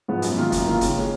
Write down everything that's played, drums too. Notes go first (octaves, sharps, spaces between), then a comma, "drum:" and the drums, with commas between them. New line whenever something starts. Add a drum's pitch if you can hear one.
G#2 F3 G#3 B3
F#2, drum: hi-hat
D#3 A#3 F4
F#2, drum: kick, hi-hat
D#3 A#3 F4
C#3, drum: kick, hi-hat
G#3 C#4